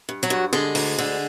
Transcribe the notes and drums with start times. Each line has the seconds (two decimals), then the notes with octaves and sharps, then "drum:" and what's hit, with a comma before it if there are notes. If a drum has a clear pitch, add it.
0.09 G2
0.23 F#3 F#4
0.30 G2
0.53 D3 G#3 G#4
0.75 D2, drum: open hi-hat
0.98 D3